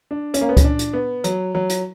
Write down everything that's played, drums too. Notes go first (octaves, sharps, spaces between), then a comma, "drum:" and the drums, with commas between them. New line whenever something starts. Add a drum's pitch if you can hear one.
D4
C#4, drum: hi-hat
A#3
B3
C#4, drum: kick C#2, hi-hat
D4
drum: hi-hat
B3
F#3, drum: hi-hat
F#3
drum: hi-hat